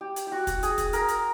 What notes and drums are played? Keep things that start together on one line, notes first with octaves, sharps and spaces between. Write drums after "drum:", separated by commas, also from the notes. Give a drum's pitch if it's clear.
G4
drum: hi-hat
F#4 G4
drum: kick, hi-hat
G#4, drum: hi-hat
drum: kick, hi-hat
A#4, drum: hi-hat
drum: hi-hat